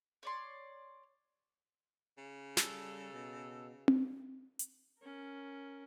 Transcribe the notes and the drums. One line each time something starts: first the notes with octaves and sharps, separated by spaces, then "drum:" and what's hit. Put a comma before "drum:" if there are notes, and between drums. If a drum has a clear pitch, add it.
C#5 D5 C6
C#3
G3 A4, drum: snare
B2
drum: tom C4
drum: hi-hat
C#4 A#4